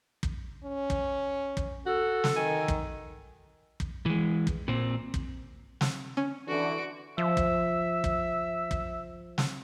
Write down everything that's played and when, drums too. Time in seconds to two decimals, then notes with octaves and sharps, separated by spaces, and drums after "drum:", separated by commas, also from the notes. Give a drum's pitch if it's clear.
0.23 drum: kick
0.64 C#4
0.90 drum: kick
1.57 drum: kick
1.86 F#4 A4
2.24 drum: snare
2.36 D#3 G#5
2.68 drum: kick
3.80 drum: kick
4.06 E3 G#3
4.47 drum: kick
4.68 A#2 C4
5.14 drum: kick
5.81 drum: snare
6.17 C#4
6.48 D3 E3 F#4 D7
7.18 F3 E5
7.37 drum: kick
8.04 drum: kick
8.71 drum: kick
9.38 drum: snare